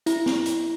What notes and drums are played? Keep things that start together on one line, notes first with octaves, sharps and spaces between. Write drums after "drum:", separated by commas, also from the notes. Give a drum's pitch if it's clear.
E4, drum: hi-hat
drum: snare
drum: hi-hat